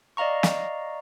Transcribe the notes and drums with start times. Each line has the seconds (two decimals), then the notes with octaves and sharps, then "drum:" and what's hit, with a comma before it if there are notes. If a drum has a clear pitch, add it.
0.17 D5 D#5 F5 A#5 C#6
0.43 drum: snare